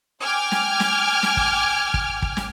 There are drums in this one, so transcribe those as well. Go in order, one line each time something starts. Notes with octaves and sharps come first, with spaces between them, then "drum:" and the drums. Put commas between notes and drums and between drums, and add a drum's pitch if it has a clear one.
G5 G#5 D6 F6 G#6
drum: snare
drum: snare
drum: snare
drum: kick
drum: kick
drum: kick
drum: snare